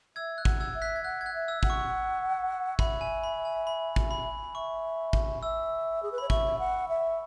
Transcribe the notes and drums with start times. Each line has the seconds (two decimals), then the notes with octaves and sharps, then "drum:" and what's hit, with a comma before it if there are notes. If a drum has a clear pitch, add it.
0.16 E5 E6 G#6
0.38 F#6
0.45 F#5, drum: kick
0.60 E6 G#6
0.74 E5
0.82 F#6 B6
0.96 G#6
1.04 F#5 F#6
1.21 G#6
1.26 F#6
1.34 E5
1.48 E6
1.63 F#5, drum: kick
1.70 C#6
2.79 E5 B5, drum: kick
3.01 G#5
3.23 B5
3.45 G#5
3.67 B5
3.96 drum: kick
4.11 B5
4.55 E5 C#6
5.13 drum: kick
5.43 E5 E6
6.03 G#4
6.12 B4
6.18 C#5 B5
6.30 E5 C#6, drum: kick
6.59 F#5
6.89 E5